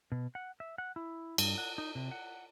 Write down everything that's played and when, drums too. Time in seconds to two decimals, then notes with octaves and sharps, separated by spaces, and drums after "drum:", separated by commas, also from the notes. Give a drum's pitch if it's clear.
0.12 B2
0.35 F#5
0.60 E5
0.78 F#5
0.96 E4
1.38 G2, drum: cymbal
1.58 F#5
1.78 D#4
1.95 C3
2.11 F#5